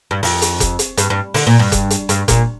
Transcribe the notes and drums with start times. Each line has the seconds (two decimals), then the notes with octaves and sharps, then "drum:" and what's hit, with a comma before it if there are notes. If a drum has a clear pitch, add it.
0.11 G2
0.23 F2, drum: open hi-hat
0.42 drum: hi-hat
0.60 drum: kick F1, hi-hat
0.79 drum: hi-hat
0.98 G2, drum: hi-hat
1.10 G2
1.34 D3, drum: open hi-hat
1.47 A#2
1.59 G2
1.72 drum: kick F1, hi-hat
1.90 drum: hi-hat
2.09 G2, drum: hi-hat
2.28 A#2, drum: kick F1, hi-hat